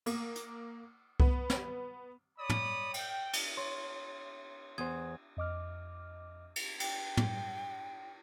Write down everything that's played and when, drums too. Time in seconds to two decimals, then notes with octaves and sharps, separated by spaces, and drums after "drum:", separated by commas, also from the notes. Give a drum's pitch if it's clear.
0.06 A#3, drum: cymbal
0.36 drum: hi-hat
1.20 B3, drum: kick C2
1.50 drum: snare
2.39 C#5 D5 B5 D#6
2.49 drum: tom
2.94 G5, drum: cymbal
3.33 drum: cymbal
3.57 C#5 C6
4.78 E2 C5 D#6 G#6
5.37 F2 D#5 D6 F6
6.56 drum: cymbal
6.80 G5, drum: cymbal
7.17 drum: tom